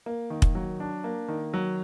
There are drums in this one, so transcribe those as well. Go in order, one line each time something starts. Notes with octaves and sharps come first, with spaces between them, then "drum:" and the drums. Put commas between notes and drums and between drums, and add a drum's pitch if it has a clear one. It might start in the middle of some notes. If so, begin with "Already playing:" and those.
A#3
D#3
drum: kick
F#3
D4
A#3
D#3
F#3